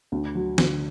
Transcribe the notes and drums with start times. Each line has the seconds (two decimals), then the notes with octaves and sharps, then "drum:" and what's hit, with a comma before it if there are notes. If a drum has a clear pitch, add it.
0.12 D2
0.35 F#3
0.58 D3, drum: snare